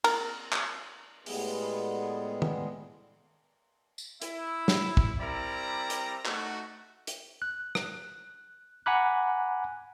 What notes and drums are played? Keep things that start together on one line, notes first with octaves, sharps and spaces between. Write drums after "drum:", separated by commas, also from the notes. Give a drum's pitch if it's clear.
A#4, drum: cymbal
drum: clap
A2 G3 G#3 B3 G#4, drum: open hi-hat
drum: tom
drum: tambourine
E4, drum: hi-hat
drum: snare
drum: kick
G3 C4 E4 A#4 D5 A#5
drum: hi-hat
A3 D#4 F#4, drum: clap
drum: hi-hat
F#6
drum: rim click
F#5 G#5 A#5 B5 D6 F#6